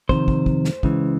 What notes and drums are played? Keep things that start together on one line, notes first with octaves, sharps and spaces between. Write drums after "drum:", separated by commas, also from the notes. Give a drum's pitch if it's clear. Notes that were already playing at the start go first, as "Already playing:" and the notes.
F2 C3 D#3 C5, drum: kick
drum: kick
drum: kick
drum: snare
C#2 C#3 E3, drum: kick